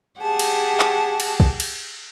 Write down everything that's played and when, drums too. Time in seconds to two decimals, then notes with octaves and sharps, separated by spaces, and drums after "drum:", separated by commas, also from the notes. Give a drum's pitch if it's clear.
0.19 G4 G#4 F#5 A5
0.39 drum: cymbal
0.80 drum: clap
1.20 drum: cymbal
1.40 drum: kick
1.60 drum: cymbal